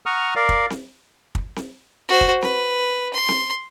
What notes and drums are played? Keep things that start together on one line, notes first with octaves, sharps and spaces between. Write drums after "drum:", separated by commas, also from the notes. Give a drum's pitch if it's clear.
F#5 A#5 C#6 D#6 F6
A#4 D5 F5
drum: kick
drum: snare C4
drum: kick
drum: snare C4
F#4 C5
drum: kick
B4, drum: snare C4
C6
drum: snare C4